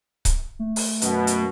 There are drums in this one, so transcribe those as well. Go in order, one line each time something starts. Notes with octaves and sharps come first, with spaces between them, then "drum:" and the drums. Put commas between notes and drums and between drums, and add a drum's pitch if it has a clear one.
drum: kick C#1, hi-hat
A3
drum: open hi-hat
F#2 B2, drum: hi-hat
drum: hi-hat